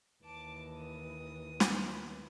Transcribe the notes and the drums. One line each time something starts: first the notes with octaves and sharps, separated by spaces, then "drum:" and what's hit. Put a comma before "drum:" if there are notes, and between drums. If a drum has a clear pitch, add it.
D#2 E3 A5 D6
D#6
drum: snare